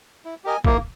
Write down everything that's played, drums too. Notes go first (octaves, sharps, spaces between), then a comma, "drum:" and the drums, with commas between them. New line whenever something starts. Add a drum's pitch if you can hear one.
E4
G4 A#4 D#5 G#5
A#3 E4, drum: kick